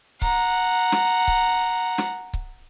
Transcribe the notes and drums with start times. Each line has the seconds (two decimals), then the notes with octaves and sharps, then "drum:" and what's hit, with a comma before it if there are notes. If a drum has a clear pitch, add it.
0.22 F#5 A#5, drum: kick C#1
0.92 drum: snare
1.28 drum: kick C#1
1.98 drum: snare
2.33 drum: kick C#1